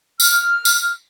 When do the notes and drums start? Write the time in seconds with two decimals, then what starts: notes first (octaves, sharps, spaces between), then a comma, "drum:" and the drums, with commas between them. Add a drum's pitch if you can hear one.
0.20 F6, drum: tambourine
0.65 drum: tambourine